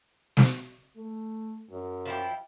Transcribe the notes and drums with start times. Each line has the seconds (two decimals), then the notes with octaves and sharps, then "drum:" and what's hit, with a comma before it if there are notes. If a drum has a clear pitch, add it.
0.37 drum: snare
0.97 A3
1.70 F#2
2.05 F3 E4 G4